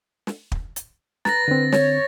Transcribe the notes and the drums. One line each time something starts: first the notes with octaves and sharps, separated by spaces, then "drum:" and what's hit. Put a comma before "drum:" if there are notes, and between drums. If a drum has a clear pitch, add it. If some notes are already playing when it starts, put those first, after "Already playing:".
drum: snare
drum: kick
drum: hi-hat
B4 A#5 A6 A#6, drum: snare
D3 C4
C#5, drum: snare